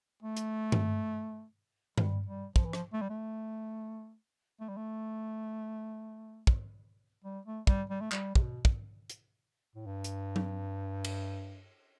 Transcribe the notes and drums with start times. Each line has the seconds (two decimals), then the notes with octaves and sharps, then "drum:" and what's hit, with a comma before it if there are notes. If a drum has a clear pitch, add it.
0.22 A3
0.37 drum: hi-hat
0.72 drum: tom G2
1.98 G3, drum: tom G2
2.26 G3
2.56 F3, drum: kick
2.65 E3
2.73 F3, drum: rim click
2.93 A3
3.01 G3
3.10 A3
4.60 A3
4.69 G3
4.77 A3
6.47 drum: kick
7.24 G3
7.45 A3
7.67 G3, drum: kick
7.90 G3
8.01 A3
8.12 G3, drum: clap
8.35 C3, drum: kick
8.41 B2
8.65 drum: kick
9.10 drum: hi-hat
9.75 A2
9.86 G2
10.04 drum: hi-hat
10.36 drum: tom F#3
11.04 drum: cymbal